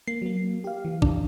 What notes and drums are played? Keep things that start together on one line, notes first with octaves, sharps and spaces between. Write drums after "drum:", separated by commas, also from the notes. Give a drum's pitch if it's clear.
A#3 C7
F#3 A#3
G4 F5
E3
D4, drum: kick